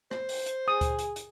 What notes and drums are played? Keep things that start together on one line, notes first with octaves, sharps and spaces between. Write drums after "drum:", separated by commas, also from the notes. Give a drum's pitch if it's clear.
C5, drum: rim click
drum: open hi-hat
drum: hi-hat
G#4 D#6
drum: kick D2, hi-hat
drum: hi-hat
drum: hi-hat